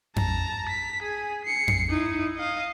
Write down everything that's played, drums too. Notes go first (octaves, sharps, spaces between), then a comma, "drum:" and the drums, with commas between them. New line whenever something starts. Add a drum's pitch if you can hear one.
A5 A#5, drum: tom F2
B6
G#4 G#5
C7 C#7
drum: tom F2
D#4 E4
D#5 F5